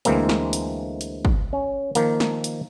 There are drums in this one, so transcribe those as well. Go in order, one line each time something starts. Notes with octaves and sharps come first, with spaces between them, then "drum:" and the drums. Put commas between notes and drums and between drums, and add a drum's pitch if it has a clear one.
D2 E3 G#3 A#3 C4, drum: hi-hat
drum: snare
drum: hi-hat
drum: hi-hat
drum: kick
C#4
D#3 F3 A#3, drum: hi-hat
drum: snare
drum: hi-hat